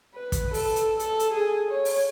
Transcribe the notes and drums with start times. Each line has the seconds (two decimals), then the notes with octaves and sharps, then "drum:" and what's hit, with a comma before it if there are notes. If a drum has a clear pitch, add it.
0.15 B4
0.32 drum: kick, hi-hat
0.54 A4, drum: open hi-hat
0.76 drum: hi-hat
0.99 A4, drum: hi-hat
1.20 drum: hi-hat
1.33 G#4
1.71 C#5
1.85 drum: open hi-hat